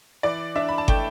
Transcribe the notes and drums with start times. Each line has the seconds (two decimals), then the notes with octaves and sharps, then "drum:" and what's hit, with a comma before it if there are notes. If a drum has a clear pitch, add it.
0.23 E3 D5
0.56 D4 E5
0.69 B5
0.78 A5
0.88 A3 G5, drum: kick